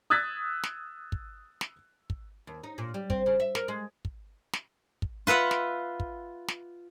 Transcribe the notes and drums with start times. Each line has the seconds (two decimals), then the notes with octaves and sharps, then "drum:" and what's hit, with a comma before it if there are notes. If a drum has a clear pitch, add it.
0.10 D#6 E6 F#6 G#6 A6 B6
0.63 drum: snare
1.12 drum: kick
1.61 drum: snare
2.10 drum: kick
2.47 D#2
2.64 D#4
2.78 A#2
2.94 G3
3.10 C4, drum: kick
3.26 C#3
3.40 E5
3.55 A#4, drum: snare
3.68 G#3
4.05 drum: kick
4.53 drum: snare
5.02 drum: kick
5.27 F4 B4 E5 F#5
5.51 drum: snare
6.00 drum: kick
6.48 drum: snare